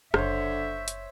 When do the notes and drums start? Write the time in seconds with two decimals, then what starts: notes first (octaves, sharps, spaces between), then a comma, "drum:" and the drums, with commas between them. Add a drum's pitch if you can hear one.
0.14 F#1 D3 C5 C#5 E5, drum: rim click
0.88 drum: hi-hat